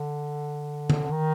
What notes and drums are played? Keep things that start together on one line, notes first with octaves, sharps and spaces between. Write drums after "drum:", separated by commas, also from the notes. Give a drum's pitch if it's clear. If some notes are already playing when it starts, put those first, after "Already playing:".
Already playing: D3
drum: tom D3
D#3